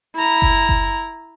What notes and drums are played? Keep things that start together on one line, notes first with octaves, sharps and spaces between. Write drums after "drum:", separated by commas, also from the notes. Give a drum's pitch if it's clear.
E4 A#5
drum: kick F#1
drum: kick F#1